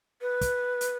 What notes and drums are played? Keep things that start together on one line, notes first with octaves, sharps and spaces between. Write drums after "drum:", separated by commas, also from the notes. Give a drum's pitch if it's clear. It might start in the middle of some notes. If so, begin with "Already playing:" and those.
B4
drum: kick, hi-hat
drum: hi-hat